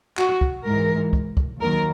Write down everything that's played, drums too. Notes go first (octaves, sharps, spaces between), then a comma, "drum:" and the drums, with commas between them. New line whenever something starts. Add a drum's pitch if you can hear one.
F#4, drum: clap
drum: kick
G#2 E3 G#3 A#4
drum: kick
drum: kick
D#2 D#3 F#3 A#4